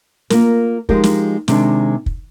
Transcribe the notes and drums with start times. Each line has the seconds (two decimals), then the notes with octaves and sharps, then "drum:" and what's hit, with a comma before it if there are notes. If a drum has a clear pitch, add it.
0.30 A#3 F4 A#4, drum: snare
0.89 F3 G#3 D#4 G4 A#4, drum: kick
1.04 drum: snare
1.48 C3 D#3 G#3 D4, drum: snare
2.06 drum: kick